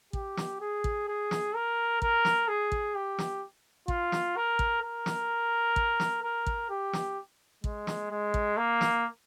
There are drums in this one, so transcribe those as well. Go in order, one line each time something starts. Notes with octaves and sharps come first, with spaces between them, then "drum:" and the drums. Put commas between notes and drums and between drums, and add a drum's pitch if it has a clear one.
G4, drum: kick
drum: snare
G#4
drum: kick
G#4
drum: snare
A#4
A#4, drum: kick
drum: snare
G#4
drum: kick
G4
drum: snare
F4, drum: kick
drum: snare
A#4
drum: kick
A#4
drum: snare
drum: kick
drum: snare
A#4
drum: kick
G4
drum: snare
G#3, drum: kick
drum: snare
G#3
drum: kick
A#3
drum: snare